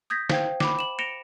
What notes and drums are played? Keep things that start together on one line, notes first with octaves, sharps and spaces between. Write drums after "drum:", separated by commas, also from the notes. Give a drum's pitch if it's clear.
D#6 G6 G#6 A#6 B6
C5 F5 G5 G#6, drum: snare
B5 D6, drum: snare
E7 F#7
A#6 C#7 D7 E7 F7 G7